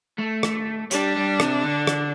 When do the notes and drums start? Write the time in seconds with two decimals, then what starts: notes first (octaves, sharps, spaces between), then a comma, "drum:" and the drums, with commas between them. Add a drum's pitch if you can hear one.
0.19 A3
0.43 drum: rim click
0.91 G3 D4, drum: hi-hat
1.16 G3
1.40 C3, drum: rim click
1.64 D3
1.87 drum: rim click